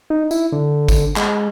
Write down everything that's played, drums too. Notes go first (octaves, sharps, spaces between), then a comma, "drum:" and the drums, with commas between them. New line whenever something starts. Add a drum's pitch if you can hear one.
D#4
E4, drum: tambourine
D3
drum: kick G1, tambourine
G#3, drum: clap